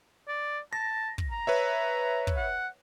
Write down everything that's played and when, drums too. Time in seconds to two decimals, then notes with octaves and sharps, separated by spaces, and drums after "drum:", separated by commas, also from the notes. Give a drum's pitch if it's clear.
0.28 D5
0.73 A5 A#6
1.18 drum: kick
1.31 A#5
1.47 B4 C#5 E5
2.27 drum: kick
2.37 F#5